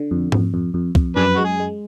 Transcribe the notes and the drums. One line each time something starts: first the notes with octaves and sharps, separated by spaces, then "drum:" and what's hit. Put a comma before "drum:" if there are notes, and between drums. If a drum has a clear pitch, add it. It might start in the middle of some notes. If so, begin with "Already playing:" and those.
Already playing: D3
F2
F2, drum: tom G#2
F2
F2
F2, drum: kick
F#2 D4 G#4 B4
G#3 F#4
G#4
G#3